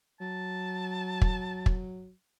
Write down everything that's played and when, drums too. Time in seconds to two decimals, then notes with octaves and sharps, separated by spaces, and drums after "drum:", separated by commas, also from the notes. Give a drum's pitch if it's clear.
0.21 F#3 A5
1.21 drum: kick
1.66 drum: kick